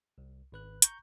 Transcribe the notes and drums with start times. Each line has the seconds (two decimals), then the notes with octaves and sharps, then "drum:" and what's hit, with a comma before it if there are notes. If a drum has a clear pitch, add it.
0.18 C2
0.52 G#1 B4 F#6
0.82 A#5 C#6 G6, drum: hi-hat